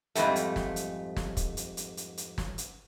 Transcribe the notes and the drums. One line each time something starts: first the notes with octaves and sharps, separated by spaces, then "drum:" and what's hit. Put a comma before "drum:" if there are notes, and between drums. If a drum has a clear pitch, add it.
F2 G#2 C3 G3 A3, drum: hi-hat
drum: hi-hat
drum: snare
drum: hi-hat
drum: snare
drum: kick, hi-hat
drum: hi-hat
drum: hi-hat
drum: hi-hat
drum: hi-hat
drum: snare
drum: hi-hat